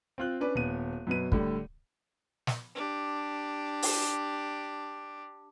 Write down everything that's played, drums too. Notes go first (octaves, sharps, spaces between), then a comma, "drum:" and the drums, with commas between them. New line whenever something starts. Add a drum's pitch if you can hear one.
C4 F4 F#6
C#4 D4 B4 D5
D#1 B3 D#7
F#2 B2 B4 D#7
A2 D3 G3, drum: kick
drum: snare
D4 G4
drum: open hi-hat